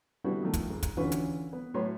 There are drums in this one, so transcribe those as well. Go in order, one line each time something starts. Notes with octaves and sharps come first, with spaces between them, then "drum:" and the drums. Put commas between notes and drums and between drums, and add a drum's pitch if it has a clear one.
G3 B3 D4 E4 F#4
D#3 F3 A3
drum: kick, hi-hat
G#2
drum: kick, hi-hat
D3 E3 C#4 F4 F#4 B4
drum: hi-hat
B3
A2 F#3 B4 C#5 C6